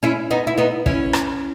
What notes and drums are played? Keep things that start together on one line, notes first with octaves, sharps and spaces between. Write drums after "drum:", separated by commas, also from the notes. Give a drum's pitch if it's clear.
C#4 E4
B3 D#4
E4
B3 D#4
C#4 E4, drum: kick
drum: rim click